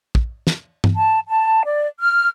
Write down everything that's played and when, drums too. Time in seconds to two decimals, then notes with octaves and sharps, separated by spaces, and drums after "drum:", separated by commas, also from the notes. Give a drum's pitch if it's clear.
0.15 drum: kick
0.47 drum: snare
0.84 drum: tom G2
0.95 A5
1.27 A5
1.64 D5
2.00 F6